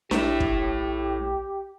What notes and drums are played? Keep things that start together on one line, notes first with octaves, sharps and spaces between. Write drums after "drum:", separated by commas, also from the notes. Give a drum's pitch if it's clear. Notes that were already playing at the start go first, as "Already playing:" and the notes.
A#1 A2 G4 E5, drum: snare D4
drum: kick